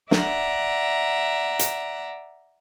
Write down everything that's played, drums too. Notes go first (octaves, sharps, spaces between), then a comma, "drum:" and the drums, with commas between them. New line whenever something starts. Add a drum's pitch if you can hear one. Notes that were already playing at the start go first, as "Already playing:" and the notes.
D5 E5 F#5 A#5, drum: snare
drum: hi-hat